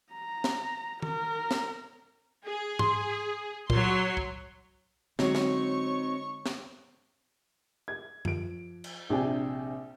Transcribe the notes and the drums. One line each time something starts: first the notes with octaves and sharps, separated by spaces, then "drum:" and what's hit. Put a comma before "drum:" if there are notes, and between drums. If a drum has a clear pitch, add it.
A#5
drum: snare
A#4, drum: tom
drum: snare
G#4
C6, drum: tom
A#2 F#3 C#5 C6, drum: kick
drum: kick
D3 F#3 G#3 C4 C#4 D#4 C#5 C#6, drum: snare
drum: snare
drum: snare
G#6
F3 D7, drum: tom F#2
drum: cymbal
A#1 C3 D4 G5 G#5